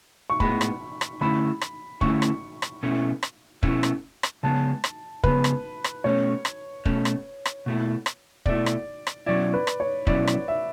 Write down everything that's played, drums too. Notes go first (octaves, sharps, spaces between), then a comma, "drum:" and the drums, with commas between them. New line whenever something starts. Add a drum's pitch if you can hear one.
C#6
A2 G#3 B3 B5, drum: kick
drum: rim click
drum: rim click
D3 A3 C#4 E4 B5
drum: rim click
D3 A3 C#4 E4 C#6, drum: kick
drum: rim click
drum: rim click
B2 A3 C#4 E4
drum: rim click
B2 A3 C#4 E4, drum: kick
drum: rim click
drum: rim click
C#3 G#3 B3 A5
drum: rim click
C#3 G#3 B3 B4, drum: kick
drum: rim click
drum: rim click
B2 A3 C#4 C#5
drum: rim click
B2 A3 C#4, drum: kick
drum: rim click
drum: rim click
B2 A3 E4
drum: rim click
B2 A3 E4 D5, drum: kick
drum: rim click
drum: rim click
B2 F#3 C#4 E4 D5
B4
drum: rim click
C#5
B2 F#3 C#4 E4 D5, drum: kick
drum: rim click
E5